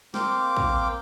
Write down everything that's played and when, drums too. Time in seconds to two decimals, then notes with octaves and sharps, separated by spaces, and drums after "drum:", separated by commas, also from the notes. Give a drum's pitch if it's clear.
0.14 A#3 C4 F5 G5 D6, drum: snare
0.57 drum: kick